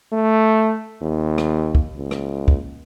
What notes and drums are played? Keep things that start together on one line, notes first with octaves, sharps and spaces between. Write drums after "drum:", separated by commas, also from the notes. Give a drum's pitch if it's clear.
A3
D#2
drum: rim click
drum: kick
C#2
drum: rim click
drum: kick